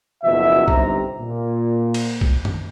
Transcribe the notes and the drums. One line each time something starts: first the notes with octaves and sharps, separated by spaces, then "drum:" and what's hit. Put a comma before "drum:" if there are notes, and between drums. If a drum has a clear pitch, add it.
F#1 B2 F3 E5
G1 C3 D#4 G4 A#5, drum: kick B1
A#2
drum: cymbal
drum: kick B1
drum: tom F#2